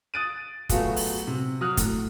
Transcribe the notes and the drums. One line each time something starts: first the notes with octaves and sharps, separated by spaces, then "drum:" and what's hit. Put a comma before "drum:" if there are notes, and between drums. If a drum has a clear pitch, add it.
D#6 F#6 A6 D7 D#7
F#3 A3 B3 F4 F#4 G#4, drum: kick, hi-hat
drum: open hi-hat
C3
F#3 D#6 F6 F#6
A2, drum: kick, hi-hat